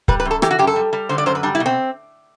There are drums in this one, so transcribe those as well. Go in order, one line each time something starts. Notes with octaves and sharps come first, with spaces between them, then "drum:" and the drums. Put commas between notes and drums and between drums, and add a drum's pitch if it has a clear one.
G3 B4, drum: kick
B4
F#2
A4
E3 G4, drum: rim click
F#4
F#2 G4
A4
G3
G3
D3 C5
D5
F#2 C5
B4
G3 D4
E4
B2
C4